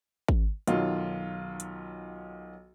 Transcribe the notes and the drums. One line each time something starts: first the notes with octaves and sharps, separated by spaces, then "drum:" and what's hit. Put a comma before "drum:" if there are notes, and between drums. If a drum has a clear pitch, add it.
drum: kick G#1
B1 D#3 F#3 F4, drum: hi-hat
drum: hi-hat